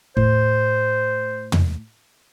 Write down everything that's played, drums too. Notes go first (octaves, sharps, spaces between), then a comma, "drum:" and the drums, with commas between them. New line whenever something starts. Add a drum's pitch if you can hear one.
A2 C5, drum: kick
drum: tom